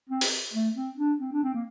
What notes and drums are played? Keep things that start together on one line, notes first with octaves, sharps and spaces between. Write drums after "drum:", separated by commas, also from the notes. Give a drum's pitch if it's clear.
C4
drum: open hi-hat
A3
C4
D4
C4
D4
C4
A#3